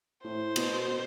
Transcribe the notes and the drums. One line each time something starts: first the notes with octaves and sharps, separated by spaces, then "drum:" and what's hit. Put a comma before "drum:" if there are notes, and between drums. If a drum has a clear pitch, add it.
A2 C5
B2, drum: cymbal
B2